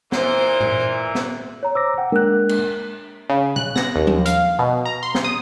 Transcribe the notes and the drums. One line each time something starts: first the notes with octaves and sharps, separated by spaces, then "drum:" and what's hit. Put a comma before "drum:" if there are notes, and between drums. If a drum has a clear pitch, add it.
A#2 E3 C5, drum: snare
drum: tom G#2
drum: snare
C#5 A#5
C5 D6 E6 A#6
F#5 G5
G#3 A#3 D4 A#4 F#6
drum: cymbal
C#3
F#6, drum: tom B2
A#6, drum: snare
D#2
drum: tom F3
F5, drum: hi-hat
B2
A#5
C6
drum: snare
D#6